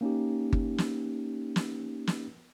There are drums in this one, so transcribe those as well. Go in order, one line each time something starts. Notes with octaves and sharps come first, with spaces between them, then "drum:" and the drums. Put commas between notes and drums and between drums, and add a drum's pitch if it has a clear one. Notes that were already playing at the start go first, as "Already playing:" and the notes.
A#3 C#4 D#4 G4
drum: kick G1
drum: snare
drum: snare
drum: snare